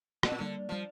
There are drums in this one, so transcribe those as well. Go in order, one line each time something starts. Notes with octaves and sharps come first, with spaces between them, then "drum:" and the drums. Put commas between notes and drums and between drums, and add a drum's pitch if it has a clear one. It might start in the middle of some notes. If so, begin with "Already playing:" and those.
A#2 A#3, drum: rim click
C4
D3 G3 A#3
F3 G3